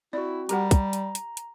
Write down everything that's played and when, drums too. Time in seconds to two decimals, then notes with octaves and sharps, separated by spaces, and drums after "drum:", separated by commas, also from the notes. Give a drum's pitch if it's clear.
0.13 C4 E4 F#4 D5
0.49 G3 G4 A#4 F#5 A#5, drum: hi-hat
0.71 drum: kick, hi-hat
0.93 drum: hi-hat
1.15 drum: hi-hat
1.37 drum: hi-hat